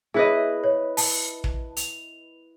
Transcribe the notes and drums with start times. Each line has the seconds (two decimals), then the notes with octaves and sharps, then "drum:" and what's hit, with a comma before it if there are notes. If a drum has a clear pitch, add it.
0.14 E4 G#4 B4 D#5 E5
0.64 C#5
0.97 A5, drum: open hi-hat
1.44 drum: kick
1.77 F7, drum: hi-hat